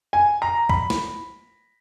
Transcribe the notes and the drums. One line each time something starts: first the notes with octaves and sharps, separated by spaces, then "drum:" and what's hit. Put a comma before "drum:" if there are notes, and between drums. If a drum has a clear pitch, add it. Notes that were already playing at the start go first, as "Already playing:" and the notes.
G#5
A#5
B5, drum: kick
drum: snare